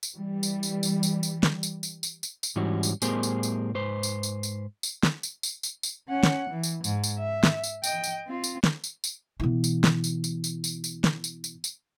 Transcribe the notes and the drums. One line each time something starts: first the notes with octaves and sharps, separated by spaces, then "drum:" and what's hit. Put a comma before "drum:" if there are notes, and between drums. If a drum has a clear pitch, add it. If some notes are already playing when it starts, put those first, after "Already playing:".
drum: tambourine
E3 G3
drum: tambourine
drum: tambourine
drum: tambourine
drum: tambourine
drum: tambourine
drum: snare
drum: tambourine
drum: tambourine
drum: tambourine
drum: tambourine
drum: tambourine
G#2 E3 G3 C#4 F#4
drum: tambourine
A2 G3 B3 G#4 A#4 C5, drum: tambourine
drum: tambourine
drum: tambourine
G#2 B4 C5
drum: tambourine
drum: tambourine
drum: tambourine
drum: tambourine
drum: snare
drum: tambourine
drum: tambourine
drum: tambourine
drum: tambourine
C#4 F#5
drum: snare
E3
drum: tambourine
G#2, drum: tambourine
drum: tambourine
E5
drum: snare
drum: tambourine
D#5 G5, drum: tambourine
drum: tambourine
C4 F4
drum: tambourine
drum: snare
drum: tambourine
drum: tambourine
B2 E3
drum: tambourine
drum: snare
drum: tambourine
drum: tambourine
drum: tambourine
drum: tambourine
drum: tambourine
drum: snare
drum: tambourine
drum: tambourine
drum: tambourine